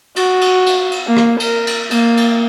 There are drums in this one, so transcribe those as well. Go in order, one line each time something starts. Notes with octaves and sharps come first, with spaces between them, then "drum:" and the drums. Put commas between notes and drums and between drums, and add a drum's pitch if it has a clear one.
F#4, drum: cymbal
drum: cymbal
drum: cymbal
drum: cymbal
A#3
drum: rim click
A#4, drum: cymbal
drum: cymbal
A#3, drum: cymbal
drum: cymbal